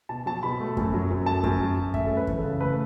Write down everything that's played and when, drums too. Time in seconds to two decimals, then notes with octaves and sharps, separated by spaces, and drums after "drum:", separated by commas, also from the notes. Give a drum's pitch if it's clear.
0.09 B2 A5
0.26 F#3 A5
0.43 B2 B5
0.60 A3
0.77 F#2, drum: kick F#2
0.94 F#3
1.10 F#2
1.26 A3 A5
1.44 F#2, drum: kick F#2
1.60 F#3
1.77 F#2
1.94 A3 E5, drum: kick F#2
2.06 C#4 A4
2.17 B4
2.27 E3, drum: kick F#2
2.38 A4
2.44 C#3
2.60 A3 B4